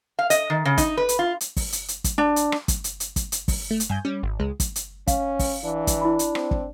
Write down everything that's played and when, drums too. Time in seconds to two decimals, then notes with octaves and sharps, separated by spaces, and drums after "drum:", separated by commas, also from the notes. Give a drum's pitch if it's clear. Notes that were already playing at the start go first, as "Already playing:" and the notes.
0.19 F5
0.30 D#5, drum: hi-hat
0.50 D#3
0.65 C#3
0.78 D#4, drum: kick, hi-hat
0.97 B4
1.09 drum: hi-hat
1.19 F4
1.41 drum: hi-hat
1.56 drum: kick, open hi-hat
1.72 drum: hi-hat
1.88 drum: hi-hat
2.04 drum: kick, hi-hat
2.18 D4
2.36 drum: hi-hat
2.52 drum: rim click
2.68 drum: kick, hi-hat
2.84 drum: hi-hat
3.00 drum: hi-hat
3.16 drum: kick, hi-hat
3.32 drum: hi-hat
3.48 drum: kick, open hi-hat
3.71 A3
3.80 drum: hi-hat
3.89 G2 G#5 G6
4.05 G3 C#4
4.23 G#1
4.40 C#2 G#3
4.60 drum: kick, hi-hat
4.76 drum: hi-hat
5.07 C#4 F5, drum: kick, hi-hat
5.39 drum: kick, open hi-hat
5.64 E3 D4
5.87 drum: kick, hi-hat
6.01 E4 B5
6.19 drum: hi-hat
6.35 C4, drum: rim click
6.51 drum: kick